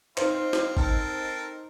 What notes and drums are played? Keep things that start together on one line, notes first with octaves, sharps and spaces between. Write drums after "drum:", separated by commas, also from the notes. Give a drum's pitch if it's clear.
C4 D#4 F4 C5, drum: clap
drum: snare
C4 A4 A#4, drum: kick G#1